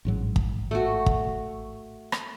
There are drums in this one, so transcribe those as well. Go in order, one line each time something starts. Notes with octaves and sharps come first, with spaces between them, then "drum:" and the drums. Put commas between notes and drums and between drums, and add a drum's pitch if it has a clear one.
A1 G#2 F#3
drum: kick
A3 F#4
drum: kick
drum: rim click